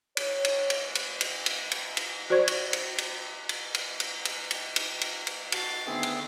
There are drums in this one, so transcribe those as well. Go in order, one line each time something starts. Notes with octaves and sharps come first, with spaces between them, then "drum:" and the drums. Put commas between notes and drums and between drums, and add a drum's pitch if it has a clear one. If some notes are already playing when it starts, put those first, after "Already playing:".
C#5, drum: cymbal
drum: cymbal
drum: cymbal
drum: cymbal
drum: cymbal
drum: cymbal
drum: cymbal
drum: cymbal
F#4 C5 D5 C#6 G#6
drum: cymbal
drum: cymbal
drum: cymbal
drum: cymbal
drum: cymbal
drum: cymbal
drum: cymbal
drum: cymbal
drum: cymbal
drum: cymbal
drum: cymbal
F#4 A5 A6 C7, drum: cymbal
D3 D#3 A3 B3 C4 G#4
drum: cymbal